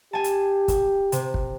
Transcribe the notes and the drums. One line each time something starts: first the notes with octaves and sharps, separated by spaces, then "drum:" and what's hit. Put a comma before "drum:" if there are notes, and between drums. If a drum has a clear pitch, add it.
G4 G#5 A5
drum: hi-hat
drum: kick, hi-hat
C3, drum: hi-hat
drum: kick